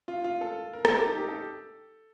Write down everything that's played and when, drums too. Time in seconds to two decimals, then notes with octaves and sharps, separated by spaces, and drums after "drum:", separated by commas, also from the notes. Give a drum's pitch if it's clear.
0.08 F4
0.24 F4
0.41 A4
0.73 A#4
0.85 A4, drum: rim click
0.96 G4
1.07 D#4
1.18 G4
1.29 A4